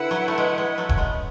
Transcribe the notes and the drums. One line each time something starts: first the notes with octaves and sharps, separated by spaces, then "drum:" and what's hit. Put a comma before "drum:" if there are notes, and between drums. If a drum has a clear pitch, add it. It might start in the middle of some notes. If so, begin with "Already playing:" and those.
Already playing: D3 E4 B4 F#5
F#3
A3
G#3
G#3
F#3 A3
C#4, drum: kick D#1
G#3 B3